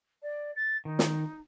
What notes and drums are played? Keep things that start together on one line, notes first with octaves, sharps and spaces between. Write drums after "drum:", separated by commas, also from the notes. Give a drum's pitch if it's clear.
D5
A6
D#3 D#4
drum: snare